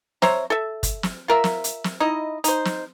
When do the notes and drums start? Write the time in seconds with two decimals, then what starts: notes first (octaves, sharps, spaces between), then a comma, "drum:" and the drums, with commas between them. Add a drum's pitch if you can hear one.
0.22 C5 C#5 E5 A#5, drum: snare
0.50 A4 E5
0.83 drum: kick, hi-hat
1.03 drum: snare
1.28 F4 A#4 E5
1.44 drum: snare
1.64 drum: hi-hat
1.84 drum: snare
2.00 D#4 E4 D#5
2.44 D#4 C5, drum: hi-hat
2.65 drum: snare